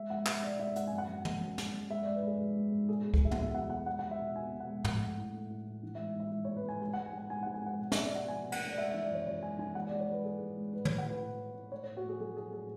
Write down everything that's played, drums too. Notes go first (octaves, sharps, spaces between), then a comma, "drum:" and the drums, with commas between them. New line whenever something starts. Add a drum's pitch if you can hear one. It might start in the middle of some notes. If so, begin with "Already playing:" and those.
Already playing: G#3 E5
G#2 F#5
G#3 E5, drum: clap
G#2 D5
G#2 E5
G#3 F#5, drum: hi-hat
F#2 G#5
F#5
F#2
G#3, drum: tom
F#2
G#3, drum: snare
F#2
G#3 E5
D5
G#2
B4
G#2 G#4
G#2
G#3
G#2
B2 G#4
G#4
A3
G#4, drum: kick C#2
F#3 E5
F#5, drum: tom
E2 E5
B2 F#5
A3 F#5
G#3 F#5
F#5
G#3
E5
B2
B2 G#5
B2
F#5
G#3
A3 F#5, drum: tom
A3
A2
A3
A2
A2
E3
E5
G#2
G#2 E5
G#2
A3 C#5
B4
A3 G#5
G#3 G#5
F#5
G#2
G#5
G#2 F#5
G#2 G#5
G#3 F#5
G#5
G#2 F#5
B2
E5, drum: snare
A3
D5
B2 F#5
B2 G#5
A3
F#5, drum: cymbal
A3
D5
G#3 E5
E5
E3
D5
F#2 C#5
F#2 C#5
G#3 G#5
E3 G#5
G#3 F#5
D5
G#3
C#5
G#3 B4
G#2 G#4
G#3
G#2
A2 B4
C#5, drum: tom
G#3
F#5
A2 B4
A2
A2
A2
A2 C#5
C#5
A2
F#4
A3 G#4
F#3 G#4
F#3 G#4
A2 G#4